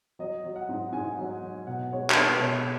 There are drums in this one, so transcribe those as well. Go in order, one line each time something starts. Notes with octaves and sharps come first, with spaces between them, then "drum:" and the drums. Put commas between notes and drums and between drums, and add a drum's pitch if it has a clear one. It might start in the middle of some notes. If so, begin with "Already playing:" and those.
F#3 D#5
F#3
F#5
G#2
G#2 G#5
F#3
F#3
B2 F#5
G#3 C#5
B4, drum: clap
G#3 C#5
B2 C#5